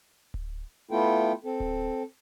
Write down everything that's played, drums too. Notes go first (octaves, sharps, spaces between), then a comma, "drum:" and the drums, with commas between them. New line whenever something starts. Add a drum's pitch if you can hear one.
drum: kick D1
A3 B3 E4 F4 A4 G5
C4 A4
drum: kick D1